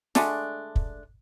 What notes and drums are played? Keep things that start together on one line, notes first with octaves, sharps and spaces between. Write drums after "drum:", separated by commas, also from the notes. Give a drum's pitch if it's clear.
D3 G#3 A3 D4, drum: snare
drum: kick